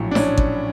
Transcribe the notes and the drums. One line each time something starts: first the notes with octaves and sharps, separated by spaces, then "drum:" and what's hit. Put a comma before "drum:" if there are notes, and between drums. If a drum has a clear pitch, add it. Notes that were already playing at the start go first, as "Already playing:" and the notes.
Already playing: A#1 A2 F#3
D4
C#4, drum: snare
drum: kick G#1